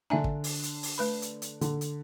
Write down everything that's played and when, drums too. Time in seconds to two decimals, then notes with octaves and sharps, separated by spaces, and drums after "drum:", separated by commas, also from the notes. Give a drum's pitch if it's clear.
0.10 D3 D4 E5 G#5 A#5
0.24 drum: kick
0.44 drum: open hi-hat
0.63 drum: hi-hat
0.83 drum: open hi-hat
0.98 A3 B4 B5
1.22 drum: hi-hat
1.42 drum: hi-hat
1.61 D3, drum: hi-hat
1.81 drum: hi-hat